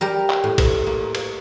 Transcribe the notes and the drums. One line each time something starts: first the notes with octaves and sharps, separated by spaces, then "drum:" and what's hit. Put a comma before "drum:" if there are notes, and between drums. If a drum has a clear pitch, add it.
G3 G4 A#4
drum: clap
A2
drum: kick A#1, cymbal
A#3
drum: cymbal